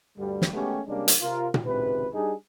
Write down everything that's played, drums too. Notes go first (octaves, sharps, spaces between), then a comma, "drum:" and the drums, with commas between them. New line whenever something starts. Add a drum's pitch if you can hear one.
D2 G2 D3 G3
drum: snare
G#3 A3 B3 C#4 G4
C3 G3 G#3 A#3 C#4 D4
drum: hi-hat
C3 F4 A#4
drum: tom A#2
G#1 C#2 C3 B4
G3 D4 D#4 G#4